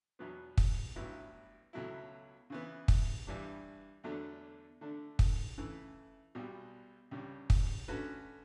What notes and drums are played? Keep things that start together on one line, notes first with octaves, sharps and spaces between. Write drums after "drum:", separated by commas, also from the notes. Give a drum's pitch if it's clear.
E2 B2 F#3 B3
drum: kick
A1 G2 F#3 B3 E4
C#2 B2 F#3 A3 E4
C#3 E3 B3
drum: kick
G2 E3 G3 D4
E2 D3 F#3 A3 D4
D3 A3 D4
drum: kick
C#3 E3 A3 E4
B1 B2 G3
C#2 C#3 G3
drum: kick
D3 A3 C#4 F#4 B4